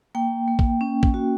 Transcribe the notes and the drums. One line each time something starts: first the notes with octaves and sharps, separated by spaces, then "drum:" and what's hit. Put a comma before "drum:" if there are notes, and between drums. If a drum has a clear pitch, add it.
A#3 G5
A#3
drum: kick
C#4
drum: kick
F#4